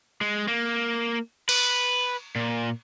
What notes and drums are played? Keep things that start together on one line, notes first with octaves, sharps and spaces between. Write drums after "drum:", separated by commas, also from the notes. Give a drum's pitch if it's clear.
G#3
A#3
B4, drum: cymbal
A#2